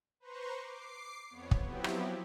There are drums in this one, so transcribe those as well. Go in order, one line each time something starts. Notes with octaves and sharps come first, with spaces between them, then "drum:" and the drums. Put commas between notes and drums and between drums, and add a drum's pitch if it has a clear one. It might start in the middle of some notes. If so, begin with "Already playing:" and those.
B4 C5 A#5 C6 C#6
D6 C7
F2 B3 C#5
drum: kick
F3 F#3 B3 C4 E4 G4
drum: rim click